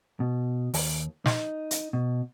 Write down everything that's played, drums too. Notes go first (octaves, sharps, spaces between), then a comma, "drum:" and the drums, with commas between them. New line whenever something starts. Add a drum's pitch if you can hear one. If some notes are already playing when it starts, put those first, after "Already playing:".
B2
D#2, drum: open hi-hat
D#4, drum: snare
drum: hi-hat
B2